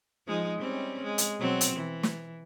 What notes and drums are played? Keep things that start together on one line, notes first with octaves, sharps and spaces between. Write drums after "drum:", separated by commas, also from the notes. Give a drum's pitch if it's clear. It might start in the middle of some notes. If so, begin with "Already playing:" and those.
F3 G#3 D#4
G3 C4 C#4
G#3
drum: hi-hat
B2 F#3 C4
drum: hi-hat
E3
drum: snare